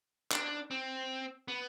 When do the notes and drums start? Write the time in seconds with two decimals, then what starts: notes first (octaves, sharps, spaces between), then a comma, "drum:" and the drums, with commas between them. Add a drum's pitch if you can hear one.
0.32 D4, drum: clap
0.71 C4
1.48 B3